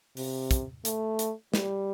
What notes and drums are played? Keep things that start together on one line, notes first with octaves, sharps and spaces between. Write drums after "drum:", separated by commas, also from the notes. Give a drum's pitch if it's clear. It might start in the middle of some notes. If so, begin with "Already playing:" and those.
C3, drum: open hi-hat
drum: kick, hi-hat
A3, drum: hi-hat
drum: hi-hat
G3, drum: snare